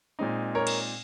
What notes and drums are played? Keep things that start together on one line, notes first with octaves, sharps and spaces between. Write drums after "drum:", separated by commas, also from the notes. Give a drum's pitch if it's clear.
A#2 G#3 C4 D#4
A#4 C#5
drum: cymbal